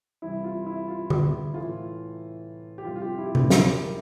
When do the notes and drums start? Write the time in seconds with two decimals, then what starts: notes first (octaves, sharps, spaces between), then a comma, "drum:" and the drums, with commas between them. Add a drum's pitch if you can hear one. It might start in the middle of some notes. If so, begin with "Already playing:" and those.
0.22 C2 C3 E3 G3 E4
0.44 F4
0.66 E4
0.88 F4
1.10 drum: tom D3
1.54 A2 E3 A3 F4
2.78 G4
2.85 F2 C3 G3 C4 F4
2.96 F4
3.02 G4
3.18 E4
3.26 G4
3.35 F4, drum: tom C3
3.50 G4, drum: snare
3.73 A#4